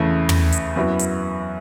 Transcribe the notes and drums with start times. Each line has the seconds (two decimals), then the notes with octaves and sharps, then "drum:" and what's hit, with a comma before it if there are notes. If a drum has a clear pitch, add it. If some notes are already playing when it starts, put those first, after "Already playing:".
Already playing: E2 C#3 A3 E4
0.29 drum: tom
0.52 drum: hi-hat
0.76 F#2 F#3 B3 E4
0.99 drum: hi-hat